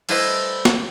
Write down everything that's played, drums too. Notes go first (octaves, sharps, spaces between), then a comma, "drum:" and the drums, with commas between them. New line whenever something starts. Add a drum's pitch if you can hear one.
G3 A3 E4 B4 C5 D#5, drum: cymbal
drum: snare